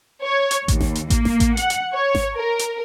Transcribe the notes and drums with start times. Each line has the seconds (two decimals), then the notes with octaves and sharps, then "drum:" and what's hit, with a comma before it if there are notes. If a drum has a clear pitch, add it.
0.22 C#5
0.51 drum: hi-hat
0.68 D#2, drum: kick A1, hi-hat
0.80 drum: snare G#1
0.95 drum: hi-hat
1.10 A#3, drum: kick A1, hi-hat
1.25 drum: snare G#1
1.40 drum: kick A1, hi-hat
1.57 F#5, drum: hi-hat
1.70 drum: hi-hat
1.93 C#5
2.15 drum: snare G#1
2.37 A#4
2.59 drum: hi-hat